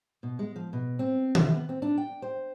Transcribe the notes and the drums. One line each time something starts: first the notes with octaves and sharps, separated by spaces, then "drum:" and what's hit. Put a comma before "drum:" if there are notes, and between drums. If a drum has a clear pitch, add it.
B2
G#3
F3
B2
C4
C3, drum: tom D#3
B3
C4
D4
G5
C5